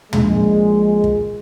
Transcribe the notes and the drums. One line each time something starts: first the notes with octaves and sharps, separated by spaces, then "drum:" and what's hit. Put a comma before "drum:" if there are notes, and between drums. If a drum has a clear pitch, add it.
A#1 G#3, drum: tom
drum: kick